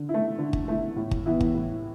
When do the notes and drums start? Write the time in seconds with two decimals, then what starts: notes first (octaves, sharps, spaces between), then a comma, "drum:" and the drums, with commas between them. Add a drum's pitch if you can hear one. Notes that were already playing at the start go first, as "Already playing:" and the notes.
Already playing: D3
0.09 E4
0.14 A3
0.38 D3
0.53 drum: kick
0.68 A3 E4
0.96 A2
1.11 drum: kick
1.26 E3 B3 E4
1.41 drum: kick
1.55 A2